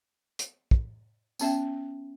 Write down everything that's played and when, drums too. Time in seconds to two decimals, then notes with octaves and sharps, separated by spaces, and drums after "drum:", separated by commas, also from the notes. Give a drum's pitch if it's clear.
0.39 drum: hi-hat
0.71 drum: kick
1.39 B3 C#4 E5 G5, drum: tambourine